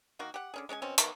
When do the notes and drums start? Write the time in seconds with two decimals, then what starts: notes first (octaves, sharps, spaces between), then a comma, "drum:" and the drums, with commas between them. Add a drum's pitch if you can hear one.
0.19 D#3 A#3 F#4
0.34 G4 F#5
0.54 D3 C#4 G#4
0.69 G#3 C#4 D5 G#5
0.82 B2 C4 C#4
0.98 D#3 B3, drum: hi-hat